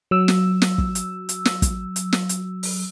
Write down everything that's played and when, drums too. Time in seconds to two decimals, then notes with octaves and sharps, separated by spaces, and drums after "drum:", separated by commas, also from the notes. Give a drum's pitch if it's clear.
0.11 F#3 E6
0.28 drum: snare
0.62 drum: snare
0.78 drum: kick
0.95 drum: hi-hat
1.29 drum: hi-hat
1.45 drum: snare
1.62 drum: kick, hi-hat
1.96 drum: hi-hat
2.13 drum: snare
2.29 drum: hi-hat
2.63 drum: open hi-hat